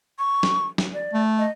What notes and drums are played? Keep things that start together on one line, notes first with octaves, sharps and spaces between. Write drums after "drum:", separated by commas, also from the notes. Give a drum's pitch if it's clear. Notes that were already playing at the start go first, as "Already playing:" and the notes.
C#6
drum: snare
drum: snare
D5
A3
D#5